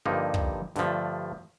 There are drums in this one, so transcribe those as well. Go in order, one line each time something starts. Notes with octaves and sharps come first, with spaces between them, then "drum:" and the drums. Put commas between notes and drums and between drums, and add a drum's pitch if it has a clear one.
G2 D3 F3 A#3 D#4
drum: kick
G2 D3 F3 A3, drum: snare